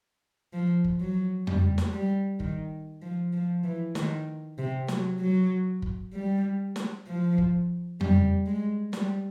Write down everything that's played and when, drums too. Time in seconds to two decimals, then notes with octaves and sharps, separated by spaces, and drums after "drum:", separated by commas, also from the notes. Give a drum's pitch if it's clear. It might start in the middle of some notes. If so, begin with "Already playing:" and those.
0.53 F3
0.84 drum: kick
1.00 F#3
1.47 G3, drum: tom F2
1.78 drum: snare
1.93 G3
2.40 D#3, drum: kick
3.02 F3
3.33 F3
3.64 E3
3.95 D#3, drum: snare
4.58 C3
4.88 F#3, drum: snare
5.20 F#3
5.82 drum: kick
6.14 G3
6.76 drum: snare
7.07 F3
7.38 drum: kick
8.01 G3, drum: tom F2
8.46 G#3
8.93 G3, drum: snare